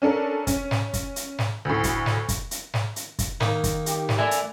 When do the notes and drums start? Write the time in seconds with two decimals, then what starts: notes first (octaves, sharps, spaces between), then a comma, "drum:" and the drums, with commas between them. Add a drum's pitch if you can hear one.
0.02 C#4 D4 A4 A#4
0.47 C#4, drum: kick, hi-hat
0.71 drum: snare
0.93 drum: kick, hi-hat
1.16 drum: hi-hat
1.39 drum: snare
1.65 D2 A2
1.84 drum: kick, hi-hat
2.06 drum: snare
2.29 drum: kick, hi-hat
2.51 drum: hi-hat
2.74 drum: snare
2.96 drum: hi-hat
3.19 drum: kick, hi-hat
3.40 D#3 A#3 D#4, drum: snare
3.64 drum: kick, hi-hat
3.86 G4, drum: hi-hat
4.09 drum: snare
4.18 A3 D5 E5 G#5
4.31 drum: hi-hat